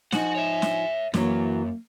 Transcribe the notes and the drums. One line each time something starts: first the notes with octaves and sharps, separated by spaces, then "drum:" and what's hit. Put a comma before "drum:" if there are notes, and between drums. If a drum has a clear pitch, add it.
F3 D#4 F#4 F#5 G#5, drum: snare
C#5 E5
drum: snare
F#2 E3 F#3 A#3, drum: snare